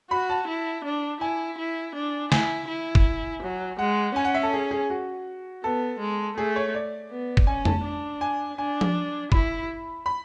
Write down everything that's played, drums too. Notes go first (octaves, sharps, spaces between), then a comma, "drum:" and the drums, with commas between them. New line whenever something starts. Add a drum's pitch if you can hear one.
F#4 B5
A5
E4
D4
E4 G#5
E4
D4
E4 G#5, drum: snare
E4
drum: kick
F#3
G#3 F#5
C#4 G#5
F#5
E5
A4
G#4
G#4
F#4
B3 A4
G#3
A3 G#4
C#5
D5
B3
drum: kick
C#4 G#5
A5, drum: tom F2
D4
G#5
D4 G#5
drum: tom F3
E4 B5, drum: kick
B5